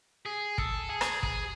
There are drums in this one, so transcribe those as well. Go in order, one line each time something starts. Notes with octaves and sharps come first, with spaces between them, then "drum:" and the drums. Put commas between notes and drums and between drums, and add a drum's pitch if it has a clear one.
G#4
A4, drum: kick
G#4
drum: rim click
G#4, drum: kick